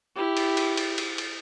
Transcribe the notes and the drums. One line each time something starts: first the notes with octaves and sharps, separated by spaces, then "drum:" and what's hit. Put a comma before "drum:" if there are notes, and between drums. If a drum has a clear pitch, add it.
E4 G4
drum: cymbal
drum: cymbal
drum: cymbal
drum: cymbal
drum: cymbal